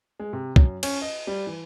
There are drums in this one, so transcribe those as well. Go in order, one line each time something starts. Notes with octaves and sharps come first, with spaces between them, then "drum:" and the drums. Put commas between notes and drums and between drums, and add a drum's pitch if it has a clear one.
G#3
C3
F#2, drum: kick
C#4, drum: cymbal
D#5
G3
E3